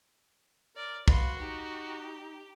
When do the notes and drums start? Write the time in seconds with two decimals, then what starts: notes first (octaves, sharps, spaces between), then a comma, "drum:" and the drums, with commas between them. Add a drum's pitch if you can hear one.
0.76 A#4 D5
1.08 F#4 B4 F5 C6, drum: kick
1.38 D#4 G4